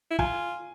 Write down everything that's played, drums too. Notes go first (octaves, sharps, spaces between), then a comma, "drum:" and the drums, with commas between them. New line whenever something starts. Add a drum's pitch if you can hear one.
E4
F4 G#5, drum: kick